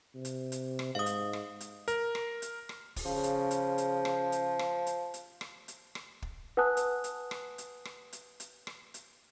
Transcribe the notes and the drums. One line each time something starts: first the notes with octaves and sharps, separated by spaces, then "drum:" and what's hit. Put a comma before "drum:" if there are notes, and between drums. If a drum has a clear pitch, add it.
C3
drum: hi-hat
drum: hi-hat
drum: rim click
G#2 F5 D#6
drum: hi-hat
drum: rim click
drum: hi-hat
A#4, drum: hi-hat
drum: rim click
drum: hi-hat
drum: rim click
drum: kick, open hi-hat
C#3 F3
drum: hi-hat
drum: hi-hat
drum: hi-hat
drum: rim click
drum: hi-hat
drum: rim click
drum: hi-hat
drum: hi-hat
drum: rim click
drum: hi-hat
drum: rim click
drum: kick
B4 F#5 G#5 A5 D#6 F#6
drum: hi-hat
drum: hi-hat
drum: rim click
drum: hi-hat
drum: rim click
drum: hi-hat
drum: hi-hat
drum: rim click
drum: hi-hat